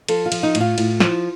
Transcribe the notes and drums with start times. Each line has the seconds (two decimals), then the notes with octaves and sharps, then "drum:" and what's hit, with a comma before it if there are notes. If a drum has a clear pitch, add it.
0.08 F3 A4, drum: cymbal
0.26 F4
0.32 F3, drum: cymbal
0.43 D#4
0.55 A2, drum: cymbal
0.61 F4
0.78 A2, drum: cymbal
1.00 F3, drum: snare